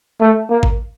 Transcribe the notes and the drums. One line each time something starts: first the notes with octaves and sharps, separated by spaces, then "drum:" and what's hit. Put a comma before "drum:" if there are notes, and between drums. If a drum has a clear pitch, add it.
A3
A#3
drum: kick G#1